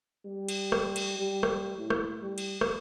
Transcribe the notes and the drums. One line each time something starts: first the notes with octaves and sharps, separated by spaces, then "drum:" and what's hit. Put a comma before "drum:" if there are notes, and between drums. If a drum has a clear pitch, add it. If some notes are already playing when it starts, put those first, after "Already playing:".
G3
drum: cymbal
drum: rim click
drum: cymbal
G3
drum: rim click
A2
drum: rim click
G3
drum: cymbal
drum: rim click